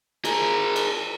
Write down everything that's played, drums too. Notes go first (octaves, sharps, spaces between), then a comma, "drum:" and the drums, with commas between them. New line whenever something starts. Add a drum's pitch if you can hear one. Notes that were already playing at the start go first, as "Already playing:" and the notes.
G#4 A#4, drum: cymbal
drum: cymbal